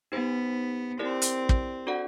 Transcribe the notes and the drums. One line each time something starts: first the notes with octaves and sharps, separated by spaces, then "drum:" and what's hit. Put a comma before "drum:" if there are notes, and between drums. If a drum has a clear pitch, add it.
B3 D#4 G4 C5
C4 E4 G4 A#4 D5
drum: hi-hat
drum: kick
D4 F#4 A4 D5 F#5